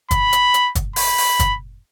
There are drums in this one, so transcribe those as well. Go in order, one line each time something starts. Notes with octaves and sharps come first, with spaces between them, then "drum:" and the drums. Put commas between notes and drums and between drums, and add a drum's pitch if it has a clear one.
B5, drum: kick, hi-hat
drum: hi-hat
drum: hi-hat
drum: kick, hi-hat
B5, drum: open hi-hat
drum: open hi-hat
drum: kick, hi-hat